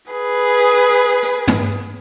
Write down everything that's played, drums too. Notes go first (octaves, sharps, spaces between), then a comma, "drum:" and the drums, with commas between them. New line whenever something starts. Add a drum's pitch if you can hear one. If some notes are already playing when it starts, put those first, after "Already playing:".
G#4 B4
drum: hi-hat
drum: tom